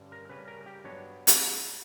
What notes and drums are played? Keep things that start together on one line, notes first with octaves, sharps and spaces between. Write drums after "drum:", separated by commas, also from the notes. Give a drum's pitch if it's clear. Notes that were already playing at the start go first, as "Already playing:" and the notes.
Already playing: G2 D3 G3 C#4
A#4
C#3 G3 C#4 B4
A#4
G4
G2 F#3 B3 D4 C#5
drum: hi-hat